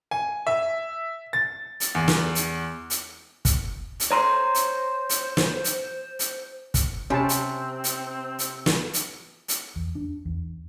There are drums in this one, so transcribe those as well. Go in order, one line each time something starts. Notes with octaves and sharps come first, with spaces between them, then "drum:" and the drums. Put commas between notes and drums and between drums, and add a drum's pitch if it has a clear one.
G#5
E5
A6
drum: hi-hat
E2
drum: snare
drum: hi-hat
drum: hi-hat
drum: kick, hi-hat
drum: hi-hat
C5 C#5 A#5 C6
drum: hi-hat
drum: hi-hat
drum: snare
drum: hi-hat
drum: hi-hat
drum: kick, hi-hat
C3 C4 C#4 G4 G#5 A5 B5
drum: hi-hat
drum: hi-hat
drum: hi-hat
drum: snare
drum: hi-hat
drum: hi-hat
E2
D4
E2